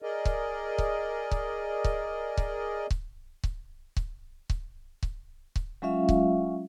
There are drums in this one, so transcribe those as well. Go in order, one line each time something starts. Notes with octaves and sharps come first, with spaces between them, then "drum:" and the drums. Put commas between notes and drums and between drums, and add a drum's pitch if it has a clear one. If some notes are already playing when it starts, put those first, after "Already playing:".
G#4 A#4 D5 D#5
drum: kick C#1
drum: kick C#1
drum: kick C#1
drum: kick C#1
drum: kick C#1
drum: kick C#1
drum: kick C#1
drum: kick C#1
drum: kick C#1
drum: kick C#1
drum: kick C#1
F#3 G#3 C#4 F4 E5 F5
drum: kick C#1